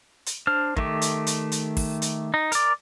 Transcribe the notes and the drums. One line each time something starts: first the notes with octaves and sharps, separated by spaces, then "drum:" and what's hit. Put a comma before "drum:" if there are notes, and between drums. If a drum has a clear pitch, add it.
drum: hi-hat
D4 C5 F6
D#3 A3 G4, drum: kick
drum: hi-hat
drum: hi-hat
drum: hi-hat
drum: kick, open hi-hat
drum: hi-hat
D#4
A#4 D5, drum: hi-hat